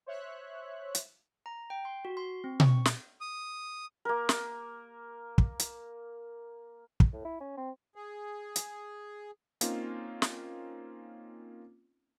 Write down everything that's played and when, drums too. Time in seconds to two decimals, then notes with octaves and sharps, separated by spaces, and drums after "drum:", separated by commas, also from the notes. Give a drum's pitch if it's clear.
0.06 C5 C#5 E5 F#6
0.95 drum: hi-hat
1.46 A#5
1.70 G5
1.85 C6
2.05 F#4
2.17 C6
2.44 C4
2.60 C#6, drum: tom B2
2.85 drum: snare
3.21 D#6
4.05 A#3 A#4
4.29 drum: snare
5.38 drum: kick
5.59 drum: hi-hat
7.00 drum: kick
7.13 A2
7.25 E4
7.40 C#4
7.57 C4
7.96 G#4
8.56 drum: hi-hat
9.61 A#3 C4 C#4 D#4 F4, drum: hi-hat
10.22 drum: snare